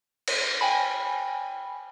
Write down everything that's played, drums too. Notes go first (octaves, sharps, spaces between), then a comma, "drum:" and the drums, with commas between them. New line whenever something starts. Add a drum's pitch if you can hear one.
drum: cymbal
G5 G#5 B5